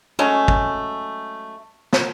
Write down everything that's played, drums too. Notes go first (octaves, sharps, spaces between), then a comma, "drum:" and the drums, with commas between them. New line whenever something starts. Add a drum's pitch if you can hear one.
F#3 G#3 A3 C#4
drum: kick
drum: snare